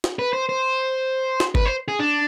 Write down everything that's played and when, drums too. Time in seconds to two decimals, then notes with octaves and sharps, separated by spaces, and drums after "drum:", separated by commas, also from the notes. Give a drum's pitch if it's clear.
0.04 drum: snare
0.19 B4
0.33 C5
0.49 C5
1.40 drum: snare
1.55 B4, drum: kick G1
1.65 C5
1.88 G#4
1.99 D4